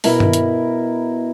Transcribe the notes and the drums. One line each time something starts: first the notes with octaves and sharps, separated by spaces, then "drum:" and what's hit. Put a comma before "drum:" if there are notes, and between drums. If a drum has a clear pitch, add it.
B2 E4 A#4 B5, drum: open hi-hat
drum: tom G2
drum: hi-hat